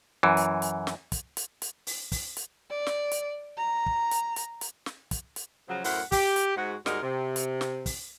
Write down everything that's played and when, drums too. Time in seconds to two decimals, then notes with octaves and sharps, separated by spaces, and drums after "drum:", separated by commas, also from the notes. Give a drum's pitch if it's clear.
0.23 F#2 E3
0.37 drum: hi-hat
0.62 drum: hi-hat
0.87 drum: snare
1.12 drum: kick, hi-hat
1.37 drum: hi-hat
1.62 drum: hi-hat
1.87 drum: open hi-hat
2.12 drum: kick, open hi-hat
2.37 drum: hi-hat
2.70 D5
2.87 drum: snare
3.11 drum: hi-hat
3.58 A#5
3.86 drum: kick
4.11 drum: hi-hat
4.36 drum: hi-hat
4.61 drum: hi-hat
4.86 drum: snare
5.11 drum: kick, hi-hat
5.36 drum: hi-hat
5.68 C#3 F3 F#3
5.84 F#2 A2 E4 A#4 C5 F#5, drum: open hi-hat
6.12 G4, drum: kick, open hi-hat
6.36 drum: hi-hat
6.57 G#2 F#4
6.86 D#2 G#2 G3 D#4 F#4 A#4, drum: snare
7.02 C3
7.36 drum: hi-hat
7.61 drum: snare
7.86 drum: kick, open hi-hat